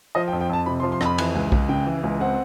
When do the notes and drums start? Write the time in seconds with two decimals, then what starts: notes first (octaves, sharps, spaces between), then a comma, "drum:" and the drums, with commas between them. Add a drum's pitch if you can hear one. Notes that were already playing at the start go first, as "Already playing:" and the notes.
0.15 F3 D#5
0.28 G5
0.32 F2
0.40 G5
0.49 F2 A5
0.66 C3 B5
0.80 C6
0.83 F3
0.92 C6
1.01 F2 B5, drum: rim click
1.18 E3, drum: cymbal
1.35 C#2
1.52 C#2, drum: kick B1
1.69 C#3 G5
1.86 E3
2.04 C#2
2.20 C4 F#5